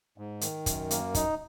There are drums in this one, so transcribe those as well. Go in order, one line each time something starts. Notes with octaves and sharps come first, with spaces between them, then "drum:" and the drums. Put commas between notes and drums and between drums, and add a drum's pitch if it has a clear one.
G#2
D#3, drum: hi-hat
F#2, drum: kick, hi-hat
A#3, drum: hi-hat
D#4, drum: kick, hi-hat